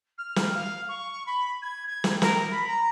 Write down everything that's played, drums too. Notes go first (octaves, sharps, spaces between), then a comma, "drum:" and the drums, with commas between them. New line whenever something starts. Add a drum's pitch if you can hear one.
F6
drum: snare
F5
C#6
B5
G#6
G#6
drum: snare
A#4, drum: snare
B5
A#5